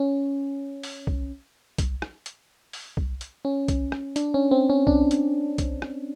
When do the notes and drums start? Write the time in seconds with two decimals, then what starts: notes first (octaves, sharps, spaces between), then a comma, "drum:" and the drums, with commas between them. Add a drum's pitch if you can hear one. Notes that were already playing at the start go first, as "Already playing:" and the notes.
Already playing: C#4
0.83 drum: open hi-hat
1.07 drum: kick
1.78 drum: kick, hi-hat
2.02 drum: rim click
2.26 drum: hi-hat
2.73 drum: open hi-hat
2.97 drum: kick
3.21 drum: hi-hat
3.45 C#4
3.68 drum: kick, hi-hat
3.92 drum: rim click
4.16 D4, drum: hi-hat
4.34 C#4
4.51 C4
4.70 C#4
4.87 D4, drum: kick
5.11 drum: hi-hat
5.58 drum: kick, hi-hat
5.82 drum: rim click